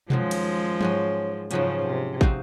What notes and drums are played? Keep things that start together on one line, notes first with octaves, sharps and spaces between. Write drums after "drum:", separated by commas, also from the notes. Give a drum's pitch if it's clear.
F#2 D#3 F3 F#3 G#3 A#3, drum: tom B2
drum: cymbal
G#2 F#3 C#4, drum: tom F3
G#2 C#3 F3 F#3 C#4, drum: hi-hat
C3
F3 C4 D#4 F#4 C5, drum: kick